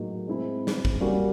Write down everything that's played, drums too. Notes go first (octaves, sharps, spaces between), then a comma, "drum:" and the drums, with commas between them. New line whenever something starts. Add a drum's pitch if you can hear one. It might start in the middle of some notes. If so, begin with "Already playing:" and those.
Already playing: A2 F#3 A#3 D#4 G#4
G#3 C4 E4
drum: snare
drum: kick
G3 A#3 C#4 F#4 A#4